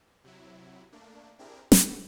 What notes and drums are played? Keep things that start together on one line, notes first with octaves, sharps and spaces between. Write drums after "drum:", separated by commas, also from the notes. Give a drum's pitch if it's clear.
C3 F#3 E4
A3 A#3 D4
C4 D4 E4 G4 G#4 A#4
A3 F#4 G4 A4 B4, drum: snare